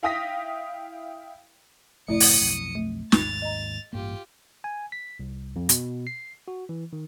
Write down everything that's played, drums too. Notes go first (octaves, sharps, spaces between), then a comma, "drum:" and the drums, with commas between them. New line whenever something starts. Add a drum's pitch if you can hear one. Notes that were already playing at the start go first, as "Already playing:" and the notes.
E4 F5 G5 D#6 A#6 B6
G#1 F2 C3 A3 E4 D5 D#6 C#7
drum: open hi-hat
B1 F2
A3
G#1 D#2 G#2 A6 F7, drum: snare
D#5 A#5
A1 G2 A#3 F4 G4
G#5
B6
C2
F2
B2, drum: hi-hat
C7
F#4
E3
D#3